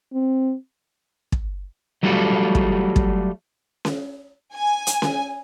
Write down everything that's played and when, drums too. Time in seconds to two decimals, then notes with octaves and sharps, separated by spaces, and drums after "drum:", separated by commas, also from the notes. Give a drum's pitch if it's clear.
0.13 C4
1.32 drum: kick
2.03 F#3 G3 A3 F4 F#4 A4
2.55 drum: kick
2.96 drum: kick
3.85 drum: snare C#4
4.54 G#5
4.87 drum: hi-hat
5.02 drum: snare C#4